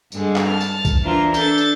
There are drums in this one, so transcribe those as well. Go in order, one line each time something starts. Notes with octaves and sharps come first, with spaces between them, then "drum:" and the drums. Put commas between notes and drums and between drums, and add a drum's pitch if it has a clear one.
G2 D3 G#3, drum: tambourine
drum: clap
A5 F6
drum: tambourine
drum: kick, tambourine
E3 D4 E4 F4 A#4 C5
D4 A4 G6 A6, drum: tambourine
drum: tambourine